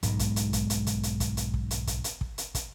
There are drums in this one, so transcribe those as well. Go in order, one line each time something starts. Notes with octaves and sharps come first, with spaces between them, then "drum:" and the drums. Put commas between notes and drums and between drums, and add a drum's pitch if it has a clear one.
B1 G#2 G#3, drum: hi-hat
drum: kick, hi-hat
drum: hi-hat
drum: kick, hi-hat
drum: hi-hat
drum: kick, hi-hat
drum: hi-hat
drum: kick, hi-hat
drum: hi-hat
drum: kick
drum: hi-hat
drum: kick, hi-hat
drum: hi-hat
drum: kick
drum: hi-hat
drum: kick, hi-hat